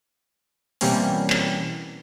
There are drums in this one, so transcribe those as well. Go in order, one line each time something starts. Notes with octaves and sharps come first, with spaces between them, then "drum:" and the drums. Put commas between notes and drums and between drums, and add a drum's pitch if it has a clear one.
B2 E3 G3 A#3 C4 C#4, drum: open hi-hat
drum: clap